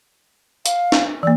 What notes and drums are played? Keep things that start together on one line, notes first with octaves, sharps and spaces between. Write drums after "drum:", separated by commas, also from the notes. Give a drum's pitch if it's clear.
F5, drum: hi-hat
drum: snare
E3 A#3 D5